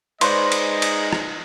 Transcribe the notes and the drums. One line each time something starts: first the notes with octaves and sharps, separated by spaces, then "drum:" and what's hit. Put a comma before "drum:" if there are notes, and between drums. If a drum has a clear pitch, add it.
G#3 D#4 B4 C5 D5 D#5 C6, drum: cymbal
drum: cymbal
drum: cymbal
drum: rim click